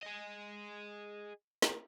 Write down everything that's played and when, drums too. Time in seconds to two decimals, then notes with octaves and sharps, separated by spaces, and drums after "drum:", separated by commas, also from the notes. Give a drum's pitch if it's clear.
0.03 G#4 D#5
1.62 drum: snare